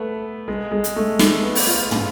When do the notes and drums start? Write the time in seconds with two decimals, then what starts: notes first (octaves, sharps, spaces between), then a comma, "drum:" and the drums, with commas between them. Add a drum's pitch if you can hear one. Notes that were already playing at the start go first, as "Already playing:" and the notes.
Already playing: A3 B3
0.48 G#3
0.72 G#3
0.84 drum: hi-hat
0.96 A3
1.19 A3, drum: snare
1.43 B3
1.55 drum: open hi-hat
1.67 F4
1.91 drum: tom